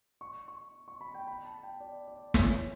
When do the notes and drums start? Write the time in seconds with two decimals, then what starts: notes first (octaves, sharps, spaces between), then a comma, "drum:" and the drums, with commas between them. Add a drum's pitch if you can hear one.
0.21 C#6
0.48 C#6
0.88 C#6
1.01 B5
1.14 G5
1.27 B5
1.45 A5
1.63 G5
1.80 D5
2.07 D5
2.34 C#5, drum: snare